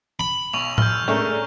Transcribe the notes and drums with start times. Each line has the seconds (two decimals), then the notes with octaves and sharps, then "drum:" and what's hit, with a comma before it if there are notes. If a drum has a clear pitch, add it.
0.19 B5
0.53 B1 C#6 F7
0.78 F1 E6 F6 G6, drum: tom A2
1.08 G#3 A3 C#4 D4 A#4